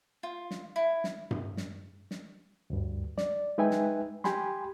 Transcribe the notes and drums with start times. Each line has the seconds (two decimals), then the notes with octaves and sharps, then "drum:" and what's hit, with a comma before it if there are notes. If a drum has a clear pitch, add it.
0.23 F4
0.51 drum: snare
0.76 E4
1.04 drum: snare
1.31 drum: tom G2
1.57 drum: snare
2.11 drum: snare
2.70 D2 G2
3.18 D5, drum: snare
3.58 G#3 D#4 B4 E5 G5 G#5
3.71 drum: snare
4.24 G4 G5 G#5 B5 C6, drum: snare